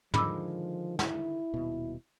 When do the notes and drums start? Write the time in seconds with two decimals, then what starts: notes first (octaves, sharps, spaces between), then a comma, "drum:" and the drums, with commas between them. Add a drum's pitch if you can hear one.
0.14 D3 D#3 F3 G#3 B5 D6 E6, drum: tom
0.99 E4, drum: snare
1.54 D#1 B2